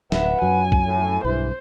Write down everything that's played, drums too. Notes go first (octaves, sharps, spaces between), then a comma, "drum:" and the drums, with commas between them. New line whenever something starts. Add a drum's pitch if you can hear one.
D1 B4 E5 F#5, drum: snare
F#2 F#3 G#5
drum: kick B1
A2
B1 G2 E3 C5